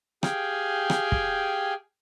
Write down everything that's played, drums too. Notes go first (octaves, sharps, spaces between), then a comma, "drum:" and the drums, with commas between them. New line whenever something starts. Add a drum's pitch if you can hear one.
G4 G#4 F5 G5 G#5, drum: rim click
drum: rim click
drum: kick